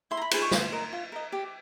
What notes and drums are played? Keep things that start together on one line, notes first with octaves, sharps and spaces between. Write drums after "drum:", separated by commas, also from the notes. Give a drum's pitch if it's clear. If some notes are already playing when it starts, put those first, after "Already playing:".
E4 C6
A#5
B5
G#4 B4 C6, drum: cymbal
C#6
F4 C6, drum: snare
A#4 D#5
F4
A#4 D#5
G4